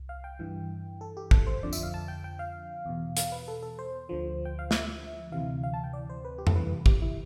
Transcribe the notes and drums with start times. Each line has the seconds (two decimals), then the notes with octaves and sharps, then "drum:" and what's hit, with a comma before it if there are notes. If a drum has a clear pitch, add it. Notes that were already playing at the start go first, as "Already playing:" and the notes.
Already playing: C2
0.09 F5
0.24 G5
0.39 G2 E3
1.01 A4
1.17 G4
1.31 A4, drum: kick
1.47 C5
1.63 F2 D3 F3 D5
1.73 E5, drum: tambourine
1.83 F5
1.94 A5
2.08 G5
2.24 G5
2.39 F5
2.86 E2 B2
3.17 F5, drum: hi-hat
3.32 B4
3.48 A4
3.62 A4
3.79 C5
4.09 D2 D3 F3
4.45 G5
4.59 F5
4.71 E5, drum: snare
5.32 D2 C3 E3 F5
5.63 F5
5.74 A5
5.84 G5
5.93 D5
6.10 C5
6.25 B4
6.38 G4
6.47 A4, drum: tom F2
6.56 E2 C3 E3 B4
6.86 G4, drum: kick
7.02 E4